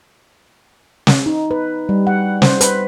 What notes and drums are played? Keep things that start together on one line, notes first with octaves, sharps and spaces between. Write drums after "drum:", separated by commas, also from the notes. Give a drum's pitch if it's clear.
drum: snare
D#4
B4
G3
F#5
C5, drum: snare
B4, drum: hi-hat